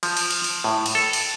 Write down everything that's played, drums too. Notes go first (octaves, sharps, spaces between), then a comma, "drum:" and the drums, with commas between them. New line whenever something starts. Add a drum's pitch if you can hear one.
F3, drum: cymbal
drum: cymbal
drum: cymbal
drum: cymbal
A2
drum: cymbal
A4
drum: cymbal